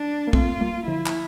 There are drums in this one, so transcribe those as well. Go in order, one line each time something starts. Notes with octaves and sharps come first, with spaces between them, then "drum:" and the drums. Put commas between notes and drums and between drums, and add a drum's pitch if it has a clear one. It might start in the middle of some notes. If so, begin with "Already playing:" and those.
Already playing: D4
A#3
A3 C4 F4, drum: kick
G3 A#3
D3 F3 E4
drum: clap